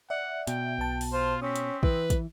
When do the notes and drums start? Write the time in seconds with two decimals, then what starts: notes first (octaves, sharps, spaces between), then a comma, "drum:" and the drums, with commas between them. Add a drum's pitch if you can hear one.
0.10 D5 E5 F#5
0.47 B2 G5, drum: hi-hat
0.78 B1 A5
1.01 drum: open hi-hat
1.13 F4 C5
1.42 C4 C#4 D#6 B6
1.56 drum: hi-hat
1.83 E3 B4, drum: kick
2.10 drum: kick, hi-hat